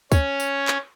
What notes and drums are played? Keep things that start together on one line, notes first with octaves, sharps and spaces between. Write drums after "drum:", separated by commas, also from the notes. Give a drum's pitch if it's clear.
C#4 C#5, drum: kick, tambourine
drum: tambourine
drum: clap